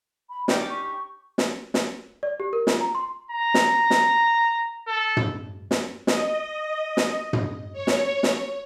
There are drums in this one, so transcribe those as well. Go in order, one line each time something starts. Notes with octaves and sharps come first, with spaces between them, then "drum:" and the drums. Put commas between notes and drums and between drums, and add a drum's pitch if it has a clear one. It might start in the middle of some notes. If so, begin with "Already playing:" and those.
B5
C#4 D#4 G4 D5, drum: snare
C#6
drum: snare
drum: snare
D5
G4
A#4
F4, drum: snare
A#5
C6
A#5
drum: snare
drum: snare
A4
drum: tom
drum: snare
D#5, drum: snare
drum: snare
drum: tom
C#5
drum: snare
drum: snare